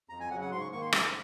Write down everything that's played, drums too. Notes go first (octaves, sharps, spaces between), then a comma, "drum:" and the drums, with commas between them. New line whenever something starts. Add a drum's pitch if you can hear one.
F2 A#5
G#5
C#3 F#3 F#5
F#5
G#2 C6
C#6
D#3 A#3 C#6
C6
G#2, drum: rim click